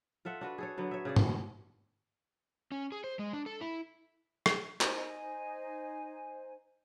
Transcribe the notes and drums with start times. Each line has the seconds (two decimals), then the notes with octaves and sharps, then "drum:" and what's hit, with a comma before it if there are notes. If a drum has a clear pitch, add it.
0.25 F4 A4 E5 F#5
0.41 D4 F#4 B4
0.58 G#4 A4 C#5
0.78 D3 F#3 B3
0.91 C#5 E5
1.05 C#3 G#4 D5
1.16 drum: tom G2
2.72 C#4
2.92 G#4
3.04 C5
3.19 G#3
3.33 D4
3.46 A4
3.61 E4
4.46 drum: rim click
4.81 D#4 C5 G#5, drum: clap